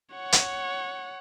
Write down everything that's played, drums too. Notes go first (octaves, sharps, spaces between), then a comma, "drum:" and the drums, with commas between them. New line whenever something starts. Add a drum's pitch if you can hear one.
C#5 F#5
drum: hi-hat